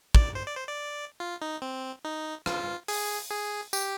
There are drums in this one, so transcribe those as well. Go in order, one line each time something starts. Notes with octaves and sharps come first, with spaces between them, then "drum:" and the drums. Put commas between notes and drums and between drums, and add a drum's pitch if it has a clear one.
D5, drum: kick
C5
D5
C5
D5
F4
D#4
C4
D#4
F4, drum: rim click
G#4, drum: open hi-hat
G#4
G4, drum: tambourine